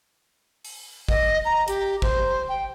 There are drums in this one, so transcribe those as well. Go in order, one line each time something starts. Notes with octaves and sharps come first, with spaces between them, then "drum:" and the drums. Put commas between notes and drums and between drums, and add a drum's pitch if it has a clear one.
drum: open hi-hat
D#5, drum: kick G#1
A#5
G4, drum: hi-hat
C5, drum: kick G#1
G5